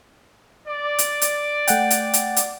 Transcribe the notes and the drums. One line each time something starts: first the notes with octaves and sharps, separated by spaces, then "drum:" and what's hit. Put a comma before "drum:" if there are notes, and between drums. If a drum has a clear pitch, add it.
D5
drum: hi-hat
drum: hi-hat
A3 F#5 G5, drum: hi-hat
drum: hi-hat
drum: hi-hat
drum: hi-hat